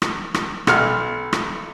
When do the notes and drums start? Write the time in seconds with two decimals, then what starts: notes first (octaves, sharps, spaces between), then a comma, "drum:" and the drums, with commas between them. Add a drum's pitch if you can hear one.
0.02 drum: rim click
0.34 drum: rim click
0.67 B1 F6, drum: rim click
1.33 drum: rim click